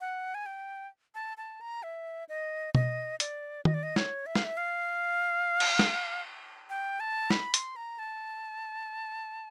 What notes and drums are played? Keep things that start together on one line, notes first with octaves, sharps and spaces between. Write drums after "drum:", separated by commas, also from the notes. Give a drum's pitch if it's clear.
F#5
G#5
G5
A5
A5
A#5
E5
D#5
D#5, drum: tom B2
D5, drum: hi-hat
D#5, drum: tom
D5
D#5
C#5, drum: snare
E5
F5, drum: snare
E5
F5
drum: cymbal
drum: snare
G5
A5
B5, drum: snare
C6, drum: hi-hat
A#5
A5